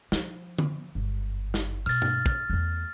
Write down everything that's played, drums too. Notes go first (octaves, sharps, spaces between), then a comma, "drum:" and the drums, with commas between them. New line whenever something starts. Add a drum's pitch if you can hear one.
F3, drum: snare
drum: tom D3
G1 F#2
drum: snare
B2 F6 A6
drum: tom G2
drum: kick
E2 A3